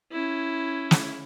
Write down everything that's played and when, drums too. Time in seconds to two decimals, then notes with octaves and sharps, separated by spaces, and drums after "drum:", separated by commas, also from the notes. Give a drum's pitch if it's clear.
0.12 C#4 E4
0.91 drum: snare